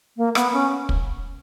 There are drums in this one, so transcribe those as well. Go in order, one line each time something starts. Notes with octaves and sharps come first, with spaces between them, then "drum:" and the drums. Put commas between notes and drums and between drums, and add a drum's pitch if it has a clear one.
A#3
B3, drum: rim click
C#4
drum: kick